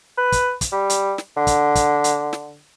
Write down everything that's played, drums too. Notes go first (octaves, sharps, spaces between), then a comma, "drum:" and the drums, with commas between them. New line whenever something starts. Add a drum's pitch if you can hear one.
B4
drum: kick, hi-hat
drum: kick, hi-hat
G3
drum: hi-hat
drum: snare
D3
drum: kick, hi-hat
drum: kick, hi-hat
drum: hi-hat
drum: snare